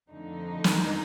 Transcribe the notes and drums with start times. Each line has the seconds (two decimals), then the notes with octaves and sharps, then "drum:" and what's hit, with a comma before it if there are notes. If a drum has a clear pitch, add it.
0.11 F2 D3 F3 A3 D#4
0.64 drum: snare